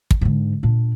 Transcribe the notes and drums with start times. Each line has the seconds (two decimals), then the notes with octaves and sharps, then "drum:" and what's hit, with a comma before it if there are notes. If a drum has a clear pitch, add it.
0.11 drum: kick
0.21 G#2 D3
0.63 A#2 D4